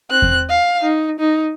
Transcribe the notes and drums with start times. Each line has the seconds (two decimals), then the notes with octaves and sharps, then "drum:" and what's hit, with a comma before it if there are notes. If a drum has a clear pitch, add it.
0.10 C4 F#6
0.22 drum: kick E2
0.49 F5
0.82 D#4
1.20 D#4